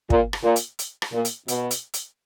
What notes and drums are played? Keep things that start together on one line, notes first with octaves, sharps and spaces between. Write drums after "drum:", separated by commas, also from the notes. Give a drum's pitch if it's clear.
A#2, drum: kick
drum: rim click
A#2
drum: hi-hat
drum: hi-hat
drum: rim click
A#2
drum: hi-hat
B2, drum: hi-hat
drum: hi-hat
drum: hi-hat